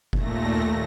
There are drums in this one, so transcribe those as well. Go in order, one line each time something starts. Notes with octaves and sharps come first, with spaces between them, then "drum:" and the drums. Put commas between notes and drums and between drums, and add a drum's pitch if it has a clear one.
D#2 A#2 A3 A#6, drum: kick F#1